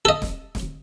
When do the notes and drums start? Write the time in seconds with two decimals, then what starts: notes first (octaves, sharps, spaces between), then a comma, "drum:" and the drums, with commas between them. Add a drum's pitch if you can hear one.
0.05 A4 D#5
0.22 drum: snare
0.55 drum: snare